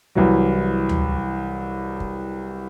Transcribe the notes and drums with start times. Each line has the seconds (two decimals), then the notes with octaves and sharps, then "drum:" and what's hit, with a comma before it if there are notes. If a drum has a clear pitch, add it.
0.15 C2 E3 F#3
0.89 drum: tom D2
2.00 drum: kick